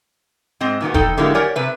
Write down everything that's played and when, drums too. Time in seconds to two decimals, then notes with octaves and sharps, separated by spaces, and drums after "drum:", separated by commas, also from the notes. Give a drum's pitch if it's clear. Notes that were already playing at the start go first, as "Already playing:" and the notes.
0.60 G#2 C4 D#5
0.81 A#2 D#3 B3 F#4
0.94 E2 D#4 A4 G5, drum: kick E1
1.17 D3 F#3 G#3 A#3 E4 G4
1.34 G4 A#4 C#5 D5 F#5 G#5
1.55 C3 B4 E5